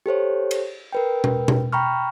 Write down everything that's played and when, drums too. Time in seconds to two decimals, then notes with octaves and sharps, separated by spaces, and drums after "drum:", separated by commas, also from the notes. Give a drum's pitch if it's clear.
0.06 G4 A4 C5 C#5
0.51 drum: cymbal
0.93 A#4 B4 G5
1.24 drum: tom B2
1.48 drum: tom B2
1.72 G5 A#5 B5 C#6 F6